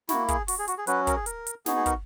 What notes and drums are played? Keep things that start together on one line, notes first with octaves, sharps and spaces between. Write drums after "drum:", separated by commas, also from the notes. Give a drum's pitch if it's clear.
A#3 E4 F#4, drum: snare
G#4, drum: kick, hi-hat
F#4, drum: open hi-hat
G#4
F#4, drum: hi-hat
G#4
F#3 C#4 F#4 B4, drum: hi-hat
A#4, drum: kick, hi-hat
G#4
A#4, drum: hi-hat
drum: hi-hat
B3 D#4 F#4 G#4, drum: snare
G#4
A#4, drum: kick, hi-hat